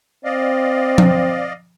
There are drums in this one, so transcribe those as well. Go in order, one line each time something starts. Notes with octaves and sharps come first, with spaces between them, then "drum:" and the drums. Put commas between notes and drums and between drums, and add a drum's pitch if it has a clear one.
C4 D5 D#5 F5
drum: tom F3